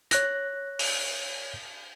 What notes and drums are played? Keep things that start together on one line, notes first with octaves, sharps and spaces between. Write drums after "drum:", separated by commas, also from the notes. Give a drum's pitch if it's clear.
C#5 F#6 A#6, drum: hi-hat
drum: open hi-hat